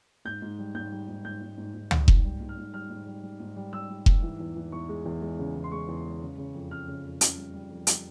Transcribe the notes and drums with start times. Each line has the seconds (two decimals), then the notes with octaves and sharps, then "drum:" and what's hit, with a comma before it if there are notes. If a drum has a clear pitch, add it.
0.25 G#2 G6
0.42 G#2
0.59 G3
0.75 G#2 G6
0.92 G3
1.08 G#2
1.25 G#2 G6
1.41 G#2
1.58 G#2
1.74 G#2
1.91 G3, drum: tom
2.08 G#2, drum: kick F1
2.24 G3
2.40 G#2
2.49 F6
2.57 G#2
2.74 G3 F6
2.90 G#2
3.07 G3
3.23 G3
3.40 G#2
3.57 G3
3.73 G3 E6
3.90 G3
4.06 G#2, drum: kick F1
4.22 E3
4.40 E2
4.56 E3
4.72 E2 C#6
4.89 G#3
5.05 E2
5.22 G#3
5.39 C#3
5.55 E2
5.64 C6
5.72 G#3 C#6
5.88 E2
6.05 G#3
6.21 C#3
6.38 C#3
6.55 F2
6.71 C#3 F6
6.88 C#3
7.04 F2
7.21 C#3, drum: hi-hat
7.37 G3
7.54 G3
7.70 F2
7.87 G3, drum: hi-hat